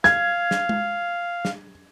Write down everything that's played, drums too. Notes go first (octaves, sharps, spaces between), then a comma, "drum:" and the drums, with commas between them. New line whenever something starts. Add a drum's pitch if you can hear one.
F5 G#6, drum: snare
drum: snare
drum: tom G#3
drum: snare